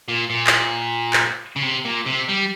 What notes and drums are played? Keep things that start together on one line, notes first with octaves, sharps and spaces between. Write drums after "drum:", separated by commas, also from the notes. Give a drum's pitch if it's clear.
A#2
A#2
drum: clap
drum: clap
C#3
C3
A#2
C3
G3